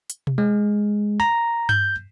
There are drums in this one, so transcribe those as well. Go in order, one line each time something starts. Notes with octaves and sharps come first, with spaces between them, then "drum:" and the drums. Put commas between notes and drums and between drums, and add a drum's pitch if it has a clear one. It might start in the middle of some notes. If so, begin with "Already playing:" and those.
drum: hi-hat
drum: tom B2
G#3
A#5
G6, drum: tom G2